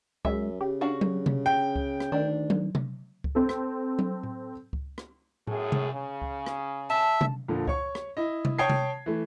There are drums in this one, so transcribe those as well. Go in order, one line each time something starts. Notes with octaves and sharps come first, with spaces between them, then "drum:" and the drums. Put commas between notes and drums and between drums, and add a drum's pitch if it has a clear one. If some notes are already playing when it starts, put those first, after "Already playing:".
F#2 G#3 E5, drum: kick C#2
C#3 G4
D4 F#4 F5
drum: tom F#3
drum: tom C3
G5
drum: kick C#2
drum: rim click
D2 D#3 D4
drum: tom F#3
drum: tom C3
drum: kick C#2
C4 A4
drum: rim click
drum: tom F#3
drum: tom A2
drum: kick C#2
drum: rim click
F#2 A2 G#4, drum: tom A2
drum: tom C3
C#3
drum: kick C#2
drum: rim click
E5 A5
drum: tom C3
F2 A#2 D3
C#5 C#6, drum: kick C#2
drum: rim click
E4 D#5
drum: tom C3
C#5 G5 A5 D#6 G#6 C7
drum: tom C3
E3 A3